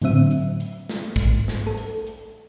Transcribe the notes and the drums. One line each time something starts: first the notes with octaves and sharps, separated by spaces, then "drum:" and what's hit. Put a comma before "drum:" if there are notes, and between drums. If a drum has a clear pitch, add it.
A2 D3 F#3 C4 E5 D#7, drum: hi-hat
drum: hi-hat
drum: hi-hat
drum: snare
G#2, drum: kick, hi-hat
drum: snare
A4
drum: hi-hat
drum: hi-hat